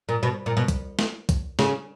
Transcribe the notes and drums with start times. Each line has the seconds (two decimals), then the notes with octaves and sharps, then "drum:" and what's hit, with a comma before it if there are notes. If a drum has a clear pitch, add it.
0.09 A#2
0.23 B2
0.46 A#2
0.57 B2
0.68 drum: kick B1, hi-hat
0.99 drum: snare
1.29 drum: kick B1, hi-hat
1.59 C#3, drum: snare